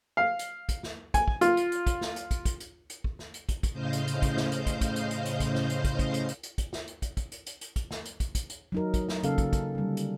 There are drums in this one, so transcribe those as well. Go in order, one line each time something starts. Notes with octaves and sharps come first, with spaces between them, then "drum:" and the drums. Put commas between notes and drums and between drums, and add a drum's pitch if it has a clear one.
F5
drum: hi-hat
drum: kick, hi-hat
drum: snare
G#5, drum: kick, hi-hat
drum: kick
F4, drum: hi-hat
drum: hi-hat
drum: hi-hat
drum: kick, hi-hat
drum: snare
drum: hi-hat
drum: kick, hi-hat
drum: kick, hi-hat
drum: hi-hat
drum: hi-hat
drum: kick
drum: snare
drum: hi-hat
drum: kick, hi-hat
drum: kick, hi-hat
A2 C#3 C5 D#5 F5 G6
drum: hi-hat
drum: hi-hat
drum: kick, hi-hat
drum: snare
drum: hi-hat
drum: kick, hi-hat
drum: kick, hi-hat
drum: hi-hat
drum: hi-hat
drum: hi-hat
drum: kick, hi-hat
drum: snare
drum: hi-hat
drum: kick, hi-hat
drum: kick, hi-hat
drum: hi-hat
drum: hi-hat
drum: hi-hat
drum: kick, hi-hat
drum: snare
drum: hi-hat
drum: kick, hi-hat
drum: kick, hi-hat
drum: hi-hat
drum: hi-hat
drum: hi-hat
drum: kick, hi-hat
drum: snare
drum: hi-hat
drum: kick, hi-hat
drum: kick, hi-hat
drum: hi-hat
F#3 D#4 A#4
drum: kick, hi-hat
drum: snare
C#3 F#3 A#3 C#4 A4 F5, drum: hi-hat
drum: kick, hi-hat
drum: kick, hi-hat
D3 G3
drum: hi-hat